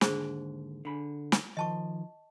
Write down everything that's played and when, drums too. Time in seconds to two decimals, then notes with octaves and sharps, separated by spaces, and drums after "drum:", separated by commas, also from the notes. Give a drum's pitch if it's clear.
0.01 D#2 G#2 D3 G#4 C5 C#6, drum: snare
0.85 D3 B5
1.32 drum: snare
1.57 D#3 F3 D#5 A5 C#6